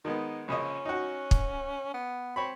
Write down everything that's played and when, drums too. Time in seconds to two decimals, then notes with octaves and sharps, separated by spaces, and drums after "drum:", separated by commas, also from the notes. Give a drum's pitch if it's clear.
0.05 D#3 G#3 B3 D#4
0.48 A#1 C#3 C#4 D#5
0.85 D#4 F#4
1.31 drum: kick
1.94 B3
2.36 C4 C#5 B5